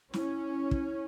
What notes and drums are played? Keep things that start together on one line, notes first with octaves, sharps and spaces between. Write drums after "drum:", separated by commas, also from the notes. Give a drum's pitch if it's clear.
C#4 E4, drum: snare
drum: kick